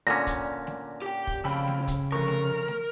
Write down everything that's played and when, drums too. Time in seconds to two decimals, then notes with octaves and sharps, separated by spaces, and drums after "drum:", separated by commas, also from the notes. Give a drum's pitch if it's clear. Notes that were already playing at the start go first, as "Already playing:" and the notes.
0.07 A#2 D3 C#4 A#6, drum: snare A3
0.27 drum: kick, hi-hat
0.67 drum: snare A3
1.02 G4 G5
1.27 drum: kick
1.44 F2 C#3 G5 B5 E6
1.68 drum: snare A3
1.88 drum: kick, hi-hat
2.12 F1 A#4 C#6
2.28 drum: snare A3
2.68 drum: snare A3